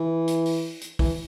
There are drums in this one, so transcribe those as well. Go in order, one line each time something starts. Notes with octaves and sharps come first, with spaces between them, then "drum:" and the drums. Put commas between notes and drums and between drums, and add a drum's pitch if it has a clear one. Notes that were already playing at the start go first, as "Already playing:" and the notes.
Already playing: E3
drum: hi-hat
drum: open hi-hat
drum: hi-hat
E3, drum: kick, open hi-hat